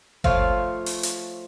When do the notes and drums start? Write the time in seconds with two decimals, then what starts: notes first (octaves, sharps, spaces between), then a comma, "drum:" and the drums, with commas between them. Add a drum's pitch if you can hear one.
0.24 F3 A3 F4 C#5, drum: kick G1
0.86 drum: open hi-hat
1.03 drum: hi-hat